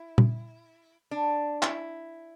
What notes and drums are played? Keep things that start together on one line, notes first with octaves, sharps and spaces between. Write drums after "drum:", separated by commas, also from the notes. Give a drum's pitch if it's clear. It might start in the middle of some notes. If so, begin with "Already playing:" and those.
Already playing: E4
drum: tom A#2
D4
E4, drum: clap